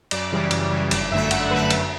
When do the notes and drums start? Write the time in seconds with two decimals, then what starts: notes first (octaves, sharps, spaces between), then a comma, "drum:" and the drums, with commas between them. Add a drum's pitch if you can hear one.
0.11 F#2 D5, drum: cymbal
0.31 C#3 E3 G3
0.51 F#2, drum: cymbal
0.71 C#3 E3 G3
0.91 G1 D5, drum: cymbal
1.11 F#2 D3 A3 E5
1.31 G1 F#5, drum: cymbal
1.51 F#2 D3 A3 B4
1.70 F#2, drum: cymbal